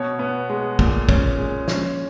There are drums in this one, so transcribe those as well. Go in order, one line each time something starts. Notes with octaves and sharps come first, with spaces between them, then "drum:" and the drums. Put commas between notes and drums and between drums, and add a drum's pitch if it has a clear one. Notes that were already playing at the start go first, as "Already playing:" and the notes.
Already playing: B2 C#5
B3
G#3
A#2, drum: kick
C#4, drum: kick
G#3
C#4, drum: snare